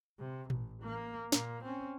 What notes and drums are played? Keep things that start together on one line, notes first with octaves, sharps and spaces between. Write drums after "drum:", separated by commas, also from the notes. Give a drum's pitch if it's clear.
C3
A1, drum: tom A#2
A#3
A#2 A#3, drum: snare
C4 C#4